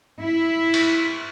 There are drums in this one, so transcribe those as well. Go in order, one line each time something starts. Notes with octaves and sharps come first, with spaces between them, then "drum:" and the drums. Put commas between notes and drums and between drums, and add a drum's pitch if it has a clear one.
E4
drum: cymbal